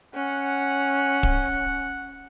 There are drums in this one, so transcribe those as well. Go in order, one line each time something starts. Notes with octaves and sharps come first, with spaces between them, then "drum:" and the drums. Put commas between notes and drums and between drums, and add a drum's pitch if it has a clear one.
C#4 F#5
drum: kick D1